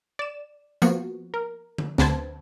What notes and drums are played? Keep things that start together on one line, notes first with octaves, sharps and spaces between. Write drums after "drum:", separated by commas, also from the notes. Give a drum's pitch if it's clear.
D5 E7
F3 A#3 B3 F#4, drum: tambourine
A#4
drum: tom D3
D2 D3 B4 C5 A5 G#6, drum: snare